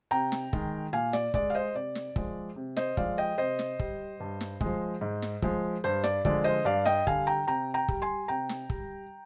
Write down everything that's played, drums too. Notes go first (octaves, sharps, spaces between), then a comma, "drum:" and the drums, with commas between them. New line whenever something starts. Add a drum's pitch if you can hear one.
C3 G5 A#5
drum: snare
D#3 G#3, drum: kick
A#2 F5 G#5
D5, drum: snare
G#3 D5, drum: kick
F5
C5 D#5
C3 D5
drum: snare
F3 G#3, drum: kick
C3
C5 D#5, drum: snare
F3 G#3 D5 F5, drum: kick
D#5 G5
C3 C5 D#5
drum: snare
G3, drum: kick
G2
drum: snare
G#3, drum: kick
F3
G#2
drum: snare
F3 G#3, drum: kick
G2 C5
D5, drum: snare
D3 F3 G#3 D5, drum: kick
C5 D#5
G2 D5 F5
D#5 G5, drum: snare
D3 G3 F5 G#5, drum: kick
G5 A#5
C3 G5 A#5
G5 A#5
G3, drum: kick
G#5 C6
C3 G5 A#5
drum: snare
G3, drum: kick